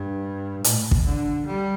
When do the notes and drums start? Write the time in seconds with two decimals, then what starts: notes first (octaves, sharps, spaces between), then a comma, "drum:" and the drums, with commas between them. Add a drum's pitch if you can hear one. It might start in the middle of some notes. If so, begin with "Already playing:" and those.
Already playing: G2
0.64 A2, drum: hi-hat
0.91 drum: kick
1.05 D3
1.46 G3